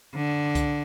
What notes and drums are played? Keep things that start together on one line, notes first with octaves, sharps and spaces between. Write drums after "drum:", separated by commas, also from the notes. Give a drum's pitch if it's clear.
D3
drum: kick C2, hi-hat